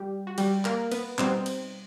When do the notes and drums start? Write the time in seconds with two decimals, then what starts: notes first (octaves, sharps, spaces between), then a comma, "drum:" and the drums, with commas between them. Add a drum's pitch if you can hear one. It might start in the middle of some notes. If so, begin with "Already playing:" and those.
Already playing: G3 G4
0.27 F#4
0.38 G3 G4, drum: cymbal
0.65 A#3 A#4, drum: clap
0.92 B3 B4, drum: cymbal
1.18 B2 G3 B3 C4 D#4 C5, drum: clap
1.46 drum: cymbal